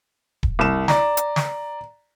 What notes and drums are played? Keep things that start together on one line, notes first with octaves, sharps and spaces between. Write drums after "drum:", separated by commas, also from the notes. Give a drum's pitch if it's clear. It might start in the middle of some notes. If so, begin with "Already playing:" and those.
drum: kick D#1
C2 E7
D5 A#5, drum: snare
drum: hi-hat
drum: snare